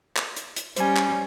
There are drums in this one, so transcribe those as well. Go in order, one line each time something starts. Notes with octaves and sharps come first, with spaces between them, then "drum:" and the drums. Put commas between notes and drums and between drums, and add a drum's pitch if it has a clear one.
drum: clap
drum: hi-hat
drum: hi-hat
G3 C#4 C5 G#5, drum: hi-hat
drum: clap